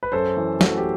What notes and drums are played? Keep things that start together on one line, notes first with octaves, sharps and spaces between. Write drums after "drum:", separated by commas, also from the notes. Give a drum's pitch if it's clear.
B4
F#2 A4 C5
E3
A3 F#4 A4, drum: snare
G4